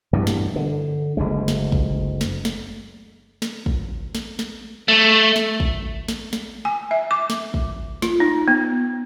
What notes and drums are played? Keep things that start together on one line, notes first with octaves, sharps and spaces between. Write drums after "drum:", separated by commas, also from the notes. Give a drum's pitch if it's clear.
G2 B2 E3
drum: snare
D3
F#1 D2 G#3
drum: snare
drum: kick
drum: snare
drum: snare
drum: snare
drum: kick
drum: snare
drum: snare
A3
drum: snare
drum: kick
drum: snare
drum: snare
G#5
E5
D6
drum: snare
drum: kick
F4, drum: snare
D#4
B3